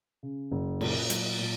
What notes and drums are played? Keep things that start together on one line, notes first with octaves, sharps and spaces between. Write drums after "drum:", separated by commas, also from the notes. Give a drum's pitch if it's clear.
C#3
F#1
A#2, drum: cymbal
F#3, drum: hi-hat
A#2